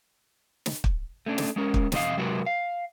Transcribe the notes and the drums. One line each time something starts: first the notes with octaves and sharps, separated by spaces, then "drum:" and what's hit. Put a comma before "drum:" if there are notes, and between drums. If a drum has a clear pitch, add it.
drum: snare
drum: kick
A3 C#4 D4
drum: snare
G#3 C#4 A#4
drum: kick
F2 C3 B3 D#5 F5, drum: snare
C3 F#3 G#3 F#4 A#4 B4
F5